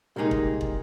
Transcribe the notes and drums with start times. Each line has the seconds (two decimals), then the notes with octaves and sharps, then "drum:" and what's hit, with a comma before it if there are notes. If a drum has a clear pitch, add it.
0.16 C2 A#2 G#3 C4 D#4 G4 A#4
0.31 drum: kick
0.61 drum: kick